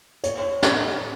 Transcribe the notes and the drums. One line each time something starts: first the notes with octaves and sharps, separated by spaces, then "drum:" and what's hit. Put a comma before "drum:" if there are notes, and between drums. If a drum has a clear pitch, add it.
C#5, drum: hi-hat
drum: snare